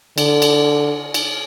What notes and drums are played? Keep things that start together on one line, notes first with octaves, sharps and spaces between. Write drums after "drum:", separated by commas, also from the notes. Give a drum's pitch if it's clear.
D3, drum: cymbal
drum: cymbal
drum: cymbal